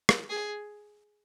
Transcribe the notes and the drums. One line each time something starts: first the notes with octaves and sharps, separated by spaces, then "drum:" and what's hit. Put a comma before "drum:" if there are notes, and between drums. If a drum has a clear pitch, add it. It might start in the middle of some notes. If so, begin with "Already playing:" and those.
drum: rim click
G#4